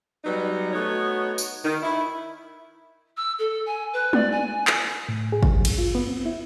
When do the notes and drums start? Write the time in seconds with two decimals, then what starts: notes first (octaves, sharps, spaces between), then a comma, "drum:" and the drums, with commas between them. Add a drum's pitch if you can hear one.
0.24 F#3 G3 B3 D#4
0.73 A3 B3 D#4 F#4 C#5
1.38 drum: tambourine
1.65 D#3
1.83 E4
3.17 E6
3.39 A4
3.66 G#5
3.93 B4
4.13 D5, drum: tom
4.31 G#5
4.67 drum: clap
5.09 A2
5.32 G#4
5.43 drum: kick
5.55 G2
5.65 drum: cymbal
5.78 F4
5.95 B3
6.07 C4
6.26 E4